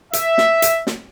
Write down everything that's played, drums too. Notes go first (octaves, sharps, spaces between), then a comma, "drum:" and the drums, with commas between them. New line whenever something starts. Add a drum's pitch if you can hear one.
E5, drum: hi-hat
drum: snare
drum: hi-hat
drum: snare